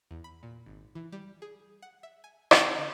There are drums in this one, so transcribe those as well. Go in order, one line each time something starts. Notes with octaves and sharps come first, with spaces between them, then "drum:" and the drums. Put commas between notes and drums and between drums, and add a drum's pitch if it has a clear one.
E2
B5
A#2
G#1
E3
G3
G#4
F#5
E5
G#5
C4, drum: rim click
D3